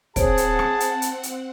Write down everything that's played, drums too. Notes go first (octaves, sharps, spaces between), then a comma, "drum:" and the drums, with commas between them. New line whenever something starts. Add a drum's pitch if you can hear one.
C4 G#4 C5 C#5 F#5 A5 D7, drum: kick, hi-hat
drum: hi-hat
drum: rim click
drum: hi-hat
drum: hi-hat
drum: hi-hat